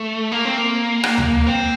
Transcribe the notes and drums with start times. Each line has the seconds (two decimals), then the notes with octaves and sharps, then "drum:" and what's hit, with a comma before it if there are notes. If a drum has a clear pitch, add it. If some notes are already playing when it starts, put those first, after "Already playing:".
Already playing: A3
0.32 A#3
0.45 C4
0.58 A#3
1.04 drum: rim click
1.18 drum: tom D2
1.47 C4